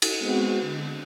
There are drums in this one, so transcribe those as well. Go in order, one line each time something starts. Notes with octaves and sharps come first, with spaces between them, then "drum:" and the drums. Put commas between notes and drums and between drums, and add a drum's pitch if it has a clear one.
drum: cymbal
G#3 B3 C4 F#4 G#4
D3